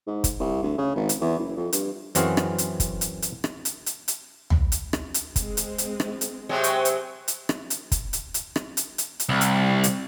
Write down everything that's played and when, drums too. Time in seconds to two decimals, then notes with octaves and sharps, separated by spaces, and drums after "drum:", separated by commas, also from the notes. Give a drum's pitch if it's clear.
0.07 G#2
0.24 drum: kick, hi-hat
0.40 C2
0.62 D2
0.78 C#3
0.96 G#1
1.09 drum: hi-hat
1.21 E2
1.38 F#1
1.57 F2
1.73 G2, drum: hi-hat
2.15 F#2 E3 C4 F#4 G#4 F5, drum: hi-hat
2.37 drum: rim click
2.58 drum: hi-hat
2.80 drum: kick, hi-hat
3.01 drum: hi-hat
3.22 drum: hi-hat
3.44 drum: rim click
3.65 drum: hi-hat
3.86 drum: hi-hat
4.08 drum: hi-hat
4.50 drum: tom
4.72 drum: hi-hat
4.93 drum: rim click
5.14 drum: hi-hat
5.36 G#3 C4, drum: kick, hi-hat
5.57 drum: hi-hat
5.78 drum: hi-hat
6.00 drum: rim click
6.21 drum: hi-hat
6.49 C3 F#3 G#3 C5 G5 C#6
6.64 drum: hi-hat
6.85 drum: hi-hat
7.28 drum: hi-hat
7.49 drum: rim click
7.70 drum: hi-hat
7.92 drum: kick, hi-hat
8.13 drum: hi-hat
8.34 drum: hi-hat
8.56 drum: rim click
8.77 drum: hi-hat
8.98 drum: hi-hat
9.20 drum: hi-hat
9.29 C2
9.41 drum: hi-hat
9.84 drum: hi-hat